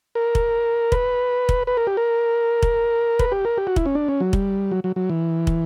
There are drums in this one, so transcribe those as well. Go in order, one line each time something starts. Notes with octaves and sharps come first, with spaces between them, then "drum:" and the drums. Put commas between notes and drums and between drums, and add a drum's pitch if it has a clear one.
A#4
drum: kick
B4, drum: kick
drum: kick
B4
A#4
G4
A#4
drum: kick
B4, drum: kick
G4
A#4
G4
F#4
E4, drum: kick
C#4
D4
C#4
F#3
G3, drum: kick
F#3
F#3
F#3
E3
drum: kick